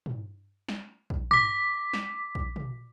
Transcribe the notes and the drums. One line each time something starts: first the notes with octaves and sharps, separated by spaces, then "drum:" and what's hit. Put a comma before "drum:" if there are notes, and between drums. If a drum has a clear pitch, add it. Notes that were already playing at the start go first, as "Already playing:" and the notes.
drum: tom
drum: snare
drum: kick
D6 B6, drum: tom
drum: snare
drum: kick
drum: tom